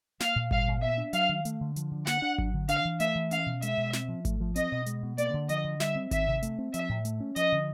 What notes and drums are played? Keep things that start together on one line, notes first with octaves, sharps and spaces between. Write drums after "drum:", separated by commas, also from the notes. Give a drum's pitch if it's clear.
A#3 F5, drum: snare
A#2
G3 F5, drum: kick G#1
A#2
B3 E5
D4
F#3 F5, drum: hi-hat
D#3
A3, drum: hi-hat
D3
F3, drum: hi-hat
D3
A#3 F#5, drum: snare
D4
F#3, drum: kick G#1
D3
D4 F5, drum: hi-hat
E3
A3 E5, drum: hi-hat
E3
C#4 F5, drum: hi-hat
B2
G#3 E5, drum: hi-hat
B2
C4, drum: snare
F3
A3, drum: kick G#1, hi-hat
F3
C4 D#5, drum: hi-hat
B2
G#3, drum: hi-hat
B2
A#3 D5, drum: hi-hat
D3
F3 D#5, drum: hi-hat
D3
G3 E5, drum: snare
C4
D#3 E5, drum: kick G#1, hi-hat
C3
A3, drum: hi-hat
C4
F3 E5, drum: hi-hat
A2
A3, drum: hi-hat
C#4
F3 D#5, drum: hi-hat
D3